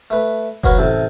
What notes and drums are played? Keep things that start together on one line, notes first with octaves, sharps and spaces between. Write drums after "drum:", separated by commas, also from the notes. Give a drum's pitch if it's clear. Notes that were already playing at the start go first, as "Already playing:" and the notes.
A3 B4
F#3 A#3 F#4 A#4 B4 C#5, drum: kick F1
A1 C3 A4